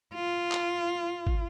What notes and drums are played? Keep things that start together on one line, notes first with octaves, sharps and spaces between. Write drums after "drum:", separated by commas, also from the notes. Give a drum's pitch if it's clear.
F4
drum: clap
drum: kick